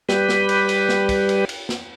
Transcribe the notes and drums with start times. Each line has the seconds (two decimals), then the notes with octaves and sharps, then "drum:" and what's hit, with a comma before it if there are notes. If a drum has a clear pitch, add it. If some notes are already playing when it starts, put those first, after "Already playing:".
0.09 G3 G4 B4, drum: snare
0.29 drum: snare
0.49 drum: cymbal
0.69 drum: cymbal
0.89 drum: snare
1.09 drum: kick, cymbal
1.29 drum: cymbal
1.49 drum: cymbal
1.69 drum: snare